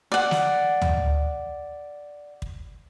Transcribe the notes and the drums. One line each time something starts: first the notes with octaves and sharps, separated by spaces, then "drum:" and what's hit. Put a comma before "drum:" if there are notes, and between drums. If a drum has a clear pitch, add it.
D5 F#5
drum: snare
drum: tom
drum: kick